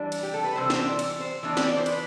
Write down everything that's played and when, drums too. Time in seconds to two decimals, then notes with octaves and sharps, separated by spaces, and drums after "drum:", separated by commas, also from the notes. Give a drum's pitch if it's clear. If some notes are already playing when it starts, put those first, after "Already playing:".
Already playing: E3 G3 D4
0.12 drum: cymbal
0.23 G4
0.34 A4
0.44 B4
0.55 C3 E3 G3 C5
0.70 C5, drum: snare
0.84 D5
0.99 drum: cymbal
1.20 C5
1.43 E3 B3 D4
1.57 drum: snare
1.67 D5
1.77 C5
1.86 B4, drum: cymbal